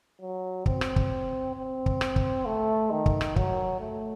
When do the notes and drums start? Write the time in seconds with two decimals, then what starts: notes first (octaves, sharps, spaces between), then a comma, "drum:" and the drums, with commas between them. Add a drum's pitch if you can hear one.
0.21 F#3
0.66 C4, drum: kick
0.81 drum: rim click
0.96 drum: kick
1.56 C4
1.86 drum: kick
2.01 drum: rim click
2.16 drum: kick
2.46 A3
2.91 D#3
3.06 drum: kick
3.21 drum: rim click
3.36 F#3, drum: kick
3.80 A3